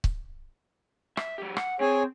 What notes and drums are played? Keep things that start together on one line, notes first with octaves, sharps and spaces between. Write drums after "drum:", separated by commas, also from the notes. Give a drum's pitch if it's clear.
drum: kick C#1
E5, drum: rim click
F#3 G4
F#5, drum: rim click
C4 G#4 C#5 G#5